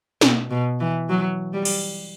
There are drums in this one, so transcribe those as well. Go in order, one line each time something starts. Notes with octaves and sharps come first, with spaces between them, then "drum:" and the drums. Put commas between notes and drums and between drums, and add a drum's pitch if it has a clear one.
B2, drum: snare
B2
E3
F#3
G3
drum: cymbal